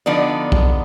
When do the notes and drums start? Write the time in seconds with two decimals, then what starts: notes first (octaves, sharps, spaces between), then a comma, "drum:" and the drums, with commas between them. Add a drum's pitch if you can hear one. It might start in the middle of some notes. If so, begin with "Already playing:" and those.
0.06 D3 F3 B3 D#4 D5
0.52 drum: kick B1